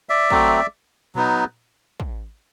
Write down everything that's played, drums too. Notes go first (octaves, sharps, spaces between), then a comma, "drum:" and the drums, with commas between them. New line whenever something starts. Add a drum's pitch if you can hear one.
D5 E5
F#3 A3 C4, drum: kick
F#3 B3 D#4, drum: tom A#2
drum: kick